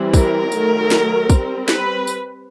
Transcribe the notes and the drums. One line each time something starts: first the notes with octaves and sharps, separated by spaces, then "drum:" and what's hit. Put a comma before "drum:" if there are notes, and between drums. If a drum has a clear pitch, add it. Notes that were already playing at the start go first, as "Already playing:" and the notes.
Already playing: E3 G3 C4
A#4, drum: kick, tambourine
D#3 F#3 A3, drum: tambourine
drum: snare
G3 C4, drum: kick, tambourine
B4, drum: snare
drum: tambourine